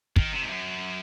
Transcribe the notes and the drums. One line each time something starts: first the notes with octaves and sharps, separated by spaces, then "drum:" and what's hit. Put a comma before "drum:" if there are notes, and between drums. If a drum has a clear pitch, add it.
D#3, drum: kick
C3
G#2
F#2